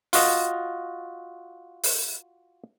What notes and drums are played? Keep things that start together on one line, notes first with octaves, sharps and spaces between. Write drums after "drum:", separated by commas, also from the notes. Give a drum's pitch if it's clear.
F4 F#4 D#5, drum: open hi-hat
drum: open hi-hat